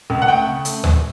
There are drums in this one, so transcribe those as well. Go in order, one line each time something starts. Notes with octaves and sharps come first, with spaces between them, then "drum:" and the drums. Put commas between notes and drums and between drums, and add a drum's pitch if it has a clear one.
C#2
F#5
A3 G5
C#3
A3, drum: hi-hat
drum: tom D2